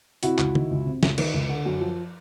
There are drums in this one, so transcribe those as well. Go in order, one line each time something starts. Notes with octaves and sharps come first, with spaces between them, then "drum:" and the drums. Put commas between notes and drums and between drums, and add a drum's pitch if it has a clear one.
C3 E4 F#4, drum: hi-hat
C#2, drum: clap
D#3, drum: tom C#3
C#2
C3
C#2, drum: snare
D#3, drum: cymbal
C#2
D3
F#2
F3